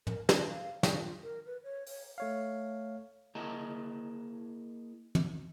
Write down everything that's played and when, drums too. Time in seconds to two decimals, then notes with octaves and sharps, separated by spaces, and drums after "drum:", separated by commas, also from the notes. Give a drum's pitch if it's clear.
0.07 A#4, drum: tom
0.29 F4, drum: snare
0.48 F5
0.83 A4, drum: snare
0.97 F4
1.22 A#4
1.46 B4
1.64 C#5
1.87 C#5, drum: open hi-hat
2.18 A3 C#5 F5
3.35 A#3 E4 G#4 D#5 A5 A#5
5.15 drum: tom